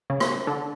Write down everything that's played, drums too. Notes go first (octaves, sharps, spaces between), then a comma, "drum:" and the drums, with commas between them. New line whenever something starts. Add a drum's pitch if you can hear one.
C#3
drum: rim click
D3